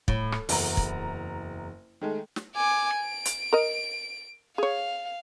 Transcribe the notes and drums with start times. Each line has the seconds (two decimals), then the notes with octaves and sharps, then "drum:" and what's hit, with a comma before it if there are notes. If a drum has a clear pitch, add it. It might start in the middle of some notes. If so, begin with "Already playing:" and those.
0.08 A2, drum: kick
0.32 drum: rim click
0.49 F#1 E2 A#5, drum: open hi-hat
0.77 drum: kick
2.01 D#3 G#3 A3
2.36 drum: snare
2.56 G#5 D6
2.96 D7
3.25 drum: hi-hat
3.53 A#4 D#5
4.58 G#4 C#5 F5